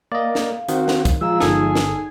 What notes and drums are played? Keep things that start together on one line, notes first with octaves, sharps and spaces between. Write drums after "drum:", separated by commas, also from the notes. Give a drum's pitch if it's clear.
A#3 D5 D#5 F5
drum: snare
D#3 C4 F#4, drum: hi-hat
drum: snare
drum: kick, hi-hat
F3 G#3 F4 F5 A#5 E6
G1 D#4 G#4 A4, drum: snare
drum: snare